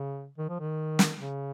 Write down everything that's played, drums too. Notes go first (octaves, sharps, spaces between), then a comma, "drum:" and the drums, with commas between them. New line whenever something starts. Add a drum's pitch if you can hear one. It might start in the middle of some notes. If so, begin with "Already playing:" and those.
Already playing: C#3
D#3
F3
D#3
drum: snare
C#3